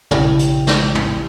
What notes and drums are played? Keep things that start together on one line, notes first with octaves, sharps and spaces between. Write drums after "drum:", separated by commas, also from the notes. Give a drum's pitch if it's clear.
A#1 C#3 E4 G4 G5, drum: tom
drum: hi-hat
drum: snare A3
drum: tom